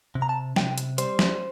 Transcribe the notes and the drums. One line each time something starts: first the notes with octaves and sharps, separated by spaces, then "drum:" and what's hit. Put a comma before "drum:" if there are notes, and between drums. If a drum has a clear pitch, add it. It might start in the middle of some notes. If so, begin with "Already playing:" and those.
C3
A#5
A5
C3 G5, drum: snare
drum: hi-hat
G3 C5, drum: hi-hat
drum: snare